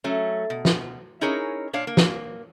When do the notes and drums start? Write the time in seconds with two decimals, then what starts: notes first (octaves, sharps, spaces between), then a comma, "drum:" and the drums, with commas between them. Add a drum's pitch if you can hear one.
0.04 F#3 A3 C#4
0.50 B2
0.65 drum: snare
1.21 C#4 D#4 E4 G#4 A#4 C#5
1.73 A#2 D4 C#5 F5
1.87 A#3
1.97 drum: snare